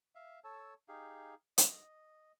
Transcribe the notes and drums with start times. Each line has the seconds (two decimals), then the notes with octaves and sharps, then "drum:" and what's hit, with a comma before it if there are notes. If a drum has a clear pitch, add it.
0.15 E5 F5
0.44 A4 C#5 A5 E6
0.89 D#4 G4 G#4 F5
1.58 D#5, drum: hi-hat